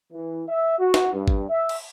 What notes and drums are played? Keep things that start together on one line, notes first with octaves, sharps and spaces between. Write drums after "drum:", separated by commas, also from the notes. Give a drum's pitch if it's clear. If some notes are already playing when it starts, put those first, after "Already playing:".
E3
E5
F#4
drum: snare
G2
drum: kick G#1
E5
drum: cymbal